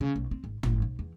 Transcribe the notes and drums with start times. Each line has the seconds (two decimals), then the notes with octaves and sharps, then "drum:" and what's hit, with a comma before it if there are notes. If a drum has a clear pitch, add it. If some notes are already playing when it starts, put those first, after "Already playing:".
0.01 C#3
0.16 B1
0.31 C4
0.44 G#1
0.63 G1, drum: tom
0.82 B1
0.99 E2